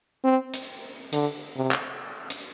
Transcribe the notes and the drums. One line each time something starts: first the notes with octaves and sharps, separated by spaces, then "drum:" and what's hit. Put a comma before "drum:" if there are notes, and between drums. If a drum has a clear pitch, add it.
C4
drum: hi-hat
D3, drum: hi-hat
C3
drum: clap
drum: hi-hat